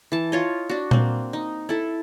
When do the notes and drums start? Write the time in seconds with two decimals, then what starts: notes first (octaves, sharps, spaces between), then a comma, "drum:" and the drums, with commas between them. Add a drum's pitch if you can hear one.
0.12 E3 A5
0.32 F4 C#5 D#5
0.69 D4 F#4
0.91 A#3 C4, drum: tom A#2
1.33 D#4
1.69 E4 A4